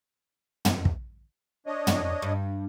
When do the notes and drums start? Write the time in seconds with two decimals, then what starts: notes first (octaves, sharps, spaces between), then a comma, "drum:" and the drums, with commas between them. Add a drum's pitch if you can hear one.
0.65 drum: tom
0.85 drum: kick
1.67 D4 C#5 D#5
1.87 drum: tom
2.22 G2